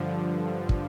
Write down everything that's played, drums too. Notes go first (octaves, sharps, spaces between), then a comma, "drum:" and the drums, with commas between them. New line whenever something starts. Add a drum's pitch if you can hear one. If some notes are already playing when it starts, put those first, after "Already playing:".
Already playing: G2 D3 F3
drum: kick